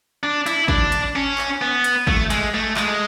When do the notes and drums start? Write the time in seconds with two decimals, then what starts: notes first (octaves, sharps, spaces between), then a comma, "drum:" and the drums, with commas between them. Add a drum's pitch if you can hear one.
0.23 D4
0.46 E4, drum: hi-hat
0.68 D4, drum: kick
0.92 drum: hi-hat
1.16 C#4
1.38 drum: clap
1.62 B3
1.84 drum: hi-hat
2.07 A3, drum: kick
2.30 G#3, drum: hi-hat
2.54 A3
2.77 G#3, drum: clap